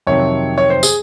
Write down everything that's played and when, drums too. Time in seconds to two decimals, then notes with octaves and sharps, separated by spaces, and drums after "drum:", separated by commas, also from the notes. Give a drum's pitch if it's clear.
0.07 F2 C3 D#3 F#3 C4 C#5
0.58 C#5
0.70 C5
0.83 G#4, drum: tambourine